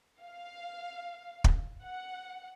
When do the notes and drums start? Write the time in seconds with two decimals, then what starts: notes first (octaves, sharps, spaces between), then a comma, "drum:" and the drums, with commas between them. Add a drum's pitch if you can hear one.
0.22 F5
1.44 drum: kick
1.83 F#5